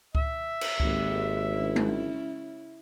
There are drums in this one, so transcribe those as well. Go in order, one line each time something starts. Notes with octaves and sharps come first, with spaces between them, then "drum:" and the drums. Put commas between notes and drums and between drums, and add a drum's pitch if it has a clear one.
E5, drum: kick C#2
drum: cymbal
G#1 A#3 G4 A4, drum: kick C#2
C#3 C#4 E4
drum: tom G#3